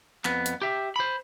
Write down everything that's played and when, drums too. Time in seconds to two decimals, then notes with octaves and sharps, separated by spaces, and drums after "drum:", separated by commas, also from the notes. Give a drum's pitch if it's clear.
0.25 F2 B3, drum: clap
0.46 drum: hi-hat
0.62 G4 E5
0.96 C5 B5